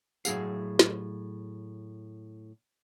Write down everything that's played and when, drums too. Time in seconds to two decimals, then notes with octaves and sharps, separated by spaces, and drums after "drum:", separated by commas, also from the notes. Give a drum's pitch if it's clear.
0.25 A2 F#3 G#4 F5, drum: tambourine
0.79 drum: snare